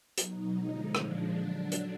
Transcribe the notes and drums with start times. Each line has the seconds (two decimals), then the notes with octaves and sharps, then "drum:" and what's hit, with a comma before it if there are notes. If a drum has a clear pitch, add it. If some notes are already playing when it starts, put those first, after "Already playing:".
0.18 B2 F#3 D#4, drum: hi-hat
0.57 D3 F3 G#3
0.95 A#2 F3 G#3 D4, drum: rim click
1.34 D3 F#3
1.72 drum: hi-hat